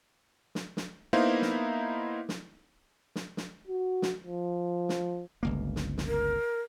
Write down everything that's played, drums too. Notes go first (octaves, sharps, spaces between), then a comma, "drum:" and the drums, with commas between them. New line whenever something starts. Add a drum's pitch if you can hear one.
drum: snare
drum: snare
A#3 B3 D#4 E4 C5 F5
drum: snare
drum: snare
drum: snare
drum: snare
F#4
drum: snare
F3
drum: snare
G1 C#2 A#3
drum: snare
drum: snare
A#4